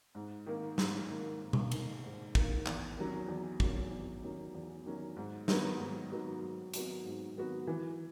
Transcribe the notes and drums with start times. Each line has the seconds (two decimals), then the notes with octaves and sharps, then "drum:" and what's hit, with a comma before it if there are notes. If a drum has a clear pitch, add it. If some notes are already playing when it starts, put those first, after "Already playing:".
0.15 G#2
0.46 D#3 A#3
0.78 G#2, drum: snare
1.09 D#3 A#3
1.41 G#2
1.53 drum: tom B2
1.71 D#3 A#3, drum: cymbal
2.04 G#2
2.35 D#3 A#3, drum: kick
2.66 E2, drum: clap
2.97 D#3 F#3 C#4
3.28 E2
3.60 D#3 F#3 C#4, drum: kick
3.91 E2
4.23 D#3 F#3 C#4
4.54 E2
4.86 D#3 F#3 C#4
5.16 G#2
5.48 D#3 F#3 B3 F#4, drum: snare
5.79 G#2
6.11 D#3 F#3 B3 F#4
6.42 G#2
6.74 D#3 F#3 B3 F#4, drum: hi-hat
7.05 G#2
7.36 D#3 F#3 B3 F#4
7.67 E3